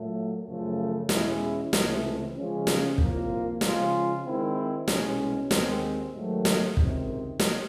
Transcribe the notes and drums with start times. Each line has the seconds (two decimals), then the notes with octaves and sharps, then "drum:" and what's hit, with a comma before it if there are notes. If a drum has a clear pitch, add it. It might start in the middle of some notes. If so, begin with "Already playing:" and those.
Already playing: A#2 F#3 A3
0.46 F#2 C#3 F3 A3
1.09 E2 B2 G#3 C#4 E4, drum: snare
1.73 C#2 C3 E3 A3, drum: snare
2.36 C#3 F3 G#3 C#4
2.67 drum: snare
2.98 C2 A#2 F3 A#3, drum: kick
3.61 C#3 F3 G#3 C#4 F4, drum: snare
4.24 D#3 G#3 C4 E4
4.88 C2 B2 G#3 C#4, drum: snare
5.51 D#2 D#3 G#3 C4, drum: snare
6.14 G#2 D#3 F#3 A3
6.45 drum: snare
6.77 C#2 C3 D#3, drum: kick
7.39 drum: snare